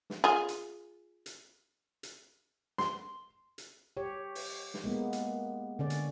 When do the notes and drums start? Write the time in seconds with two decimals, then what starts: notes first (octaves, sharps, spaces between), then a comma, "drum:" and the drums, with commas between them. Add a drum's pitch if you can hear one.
0.10 drum: snare
0.24 F4 G#4
0.48 drum: hi-hat
1.26 drum: hi-hat
2.03 drum: hi-hat
2.78 C6, drum: snare
3.58 drum: hi-hat
3.97 G4 C#5
4.35 drum: open hi-hat
4.74 drum: snare
4.84 G#3 A#3 B3
5.13 drum: hi-hat
5.79 D3 C#4 D5
5.90 drum: hi-hat